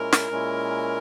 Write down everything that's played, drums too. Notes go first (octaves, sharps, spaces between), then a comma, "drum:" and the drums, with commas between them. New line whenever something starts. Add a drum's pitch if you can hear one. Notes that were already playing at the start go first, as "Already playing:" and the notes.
Already playing: A#2 G#3 C#4 E4 A#4
drum: snare
A#2 G#3 C#4 E4